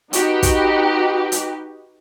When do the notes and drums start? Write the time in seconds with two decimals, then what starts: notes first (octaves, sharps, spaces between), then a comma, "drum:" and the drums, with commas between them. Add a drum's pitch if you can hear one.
0.13 D#4 F#4 G4 B4, drum: hi-hat
0.43 drum: kick, hi-hat
1.32 drum: hi-hat